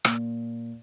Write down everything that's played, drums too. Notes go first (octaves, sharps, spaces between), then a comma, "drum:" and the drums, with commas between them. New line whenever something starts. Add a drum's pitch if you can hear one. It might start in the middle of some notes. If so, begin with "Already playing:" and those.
A#2, drum: rim click